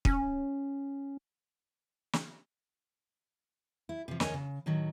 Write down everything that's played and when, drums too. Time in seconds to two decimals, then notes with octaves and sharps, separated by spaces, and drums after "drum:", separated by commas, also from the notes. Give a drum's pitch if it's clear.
0.05 C#4, drum: kick
2.13 drum: snare
3.89 E4
4.08 C3 F3
4.20 D2 A#4 C#5 D#5 G#5, drum: snare
4.34 C#3
4.66 A2 D#3 F#3